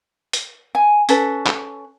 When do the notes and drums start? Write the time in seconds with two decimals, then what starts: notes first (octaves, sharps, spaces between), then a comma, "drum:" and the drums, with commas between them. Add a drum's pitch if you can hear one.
0.33 drum: hi-hat
0.75 G#5
1.09 C#4 A4 B4, drum: hi-hat
1.46 drum: clap